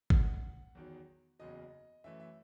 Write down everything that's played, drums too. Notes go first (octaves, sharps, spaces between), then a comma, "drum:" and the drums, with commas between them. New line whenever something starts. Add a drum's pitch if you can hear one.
A1 A2 G#3 F#5, drum: kick G#1
E2 D#3 F#3
F#1 E2 C#3 F#3 D#5
F#2 E3 A3 E5
E5